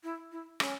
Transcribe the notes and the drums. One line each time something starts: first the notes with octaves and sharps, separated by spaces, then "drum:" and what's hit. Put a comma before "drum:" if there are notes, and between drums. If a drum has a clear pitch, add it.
E4
E4
C#4, drum: rim click